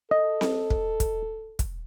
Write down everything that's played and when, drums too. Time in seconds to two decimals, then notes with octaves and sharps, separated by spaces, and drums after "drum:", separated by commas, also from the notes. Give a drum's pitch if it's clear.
0.11 A4 D#5
0.41 drum: snare C4
0.70 drum: kick
1.00 drum: kick, hi-hat
1.59 drum: kick, hi-hat